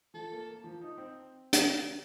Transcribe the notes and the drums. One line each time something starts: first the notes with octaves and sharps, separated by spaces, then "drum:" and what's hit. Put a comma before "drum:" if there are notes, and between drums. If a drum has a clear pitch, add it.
F3 A4
A#3
A#3
F3
D#4
C4
drum: hi-hat